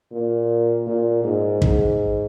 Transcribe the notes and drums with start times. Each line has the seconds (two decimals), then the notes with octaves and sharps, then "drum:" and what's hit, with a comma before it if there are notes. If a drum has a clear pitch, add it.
0.11 A#2
0.86 A#2
1.24 G#2
1.62 G#2, drum: kick